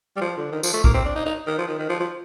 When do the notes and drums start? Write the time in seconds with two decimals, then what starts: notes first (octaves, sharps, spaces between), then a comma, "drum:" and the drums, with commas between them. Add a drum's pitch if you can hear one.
0.17 G3
0.21 F3
0.37 D3
0.52 D#3
0.63 F3, drum: tambourine
0.74 A3
0.84 A#3, drum: kick
0.94 C4
1.05 D4
1.15 D#4
1.26 D#4
1.47 D#3
1.58 F3
1.68 D#3
1.79 D#3
1.89 F3
2.00 F3